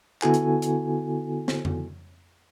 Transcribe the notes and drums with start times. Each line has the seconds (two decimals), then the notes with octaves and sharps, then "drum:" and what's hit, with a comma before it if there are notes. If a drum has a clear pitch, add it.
0.22 D3 B3 E4 F#4 A4 G#5, drum: clap
0.34 drum: hi-hat
0.62 drum: hi-hat
1.48 drum: snare
1.65 drum: tom F2